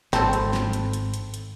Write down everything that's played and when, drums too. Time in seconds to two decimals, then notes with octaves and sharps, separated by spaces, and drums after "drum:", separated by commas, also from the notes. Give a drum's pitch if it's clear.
0.13 G#1 C4 A4 A5 B5, drum: snare
0.33 drum: hi-hat
0.53 drum: snare
0.73 drum: hi-hat
0.93 drum: hi-hat
1.14 drum: hi-hat
1.34 drum: hi-hat